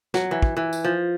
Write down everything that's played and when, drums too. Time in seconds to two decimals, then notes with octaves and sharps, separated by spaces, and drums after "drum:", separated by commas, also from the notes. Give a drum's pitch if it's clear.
0.14 F#3, drum: snare
0.31 E3
0.42 drum: kick
0.57 E3
0.73 drum: tambourine
0.84 F3